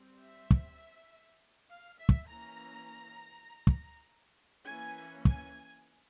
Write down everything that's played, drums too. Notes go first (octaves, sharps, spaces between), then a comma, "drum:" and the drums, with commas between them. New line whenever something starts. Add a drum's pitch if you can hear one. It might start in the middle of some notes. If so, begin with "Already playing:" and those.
Already playing: G3 C4
E5
drum: kick
F5
E5
drum: kick
E3 A#3 C#4 A#5
drum: kick
E3 A#3 C#4 G#5
G#5, drum: kick